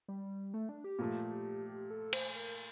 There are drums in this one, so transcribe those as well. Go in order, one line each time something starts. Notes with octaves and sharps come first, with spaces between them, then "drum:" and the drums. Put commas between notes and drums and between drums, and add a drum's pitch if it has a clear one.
G3
A3
D4
G4
A#2 F3 A3
A4
C5, drum: cymbal
A#4